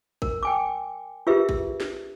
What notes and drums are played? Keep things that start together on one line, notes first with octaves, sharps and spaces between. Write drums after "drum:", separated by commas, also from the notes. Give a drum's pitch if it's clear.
A#4, drum: kick A#1
G5 G#5 D6
F4 G4 G#4 A#4 B4 E5
drum: kick A#1
drum: snare